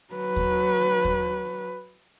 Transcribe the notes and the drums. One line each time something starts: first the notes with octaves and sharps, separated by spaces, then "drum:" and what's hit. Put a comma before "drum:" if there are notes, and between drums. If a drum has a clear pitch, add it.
F#3 B4
drum: kick D#2
drum: kick D#2